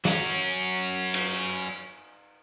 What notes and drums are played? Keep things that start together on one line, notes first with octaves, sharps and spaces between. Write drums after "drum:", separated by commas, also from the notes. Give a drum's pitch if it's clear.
F#3 C#4, drum: snare
drum: cymbal